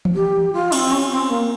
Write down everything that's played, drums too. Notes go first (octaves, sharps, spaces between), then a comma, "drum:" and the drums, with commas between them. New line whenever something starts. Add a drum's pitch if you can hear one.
drum: tom E3
G4
F4
C4, drum: cymbal
C#4
C4
A#3